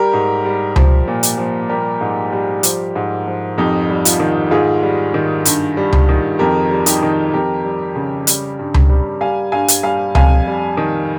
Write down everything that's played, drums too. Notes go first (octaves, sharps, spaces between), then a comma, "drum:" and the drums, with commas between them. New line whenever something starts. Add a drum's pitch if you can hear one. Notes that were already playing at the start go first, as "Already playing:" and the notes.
Already playing: G3 G4 A#4
G#2
G3
F3, drum: tom C#2
A#2
drum: hi-hat
F3
G3 G4 A#4
G#2
G3
F3, drum: hi-hat
G#2
F3
F2 D#4 G4
G3
F4, drum: hi-hat
D#3
G#2 F4 G#4
G3
D#3
G2, drum: hi-hat
G3
drum: tom C#2
D#3
F2 G4 A#4
G3
D#4 G4, drum: hi-hat
D#3
F2 G4 A#4
G3
C#3
G3, drum: hi-hat
G2
drum: tom C#2
G3
G3 F5 G#5
G2 F5 G#5
drum: hi-hat
G3 F5 G#5
F2 F5 G#5, drum: tom C#2
G3
D#3